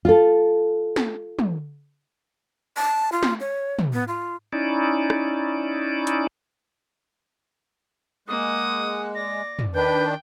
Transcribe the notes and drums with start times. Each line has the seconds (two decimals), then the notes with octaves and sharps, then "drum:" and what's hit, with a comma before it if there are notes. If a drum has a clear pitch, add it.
0.05 F4 A4
0.96 drum: snare
1.39 drum: tom
2.77 A5
3.12 F4
3.23 drum: snare
3.40 C#5
3.79 drum: tom
3.93 B3
4.08 F4
4.53 C#4 D#4 E4 D5
5.10 drum: rim click
6.07 drum: hi-hat
8.28 G#3 A#3 F#5 D#6
9.15 D5 A#6
9.59 drum: tom
9.74 D#3 D4 B4 G5 G6